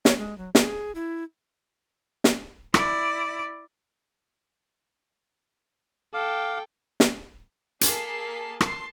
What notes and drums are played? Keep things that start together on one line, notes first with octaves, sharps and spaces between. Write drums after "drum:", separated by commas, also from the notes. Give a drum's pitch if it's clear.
C#5, drum: snare
G#3
F#3
G#4, drum: snare
E4
drum: snare
E4 D5, drum: rim click
A4 F5 G5 D6
drum: snare
A#3 G#4 A4 A5 B6 C7, drum: hi-hat
A5 C6 C7, drum: rim click